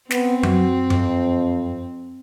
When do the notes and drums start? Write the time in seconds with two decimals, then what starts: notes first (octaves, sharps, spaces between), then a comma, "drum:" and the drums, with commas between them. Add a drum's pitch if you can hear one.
0.11 B3 C4, drum: snare
0.43 F#2 F#4, drum: tom F#3
0.90 F2, drum: tom F#2